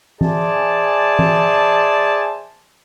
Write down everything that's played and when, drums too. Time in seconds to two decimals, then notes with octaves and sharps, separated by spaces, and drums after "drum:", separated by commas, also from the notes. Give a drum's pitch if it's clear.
0.21 G#4 C5 D5 E5 G#5 A5, drum: tom E3
1.19 drum: tom E3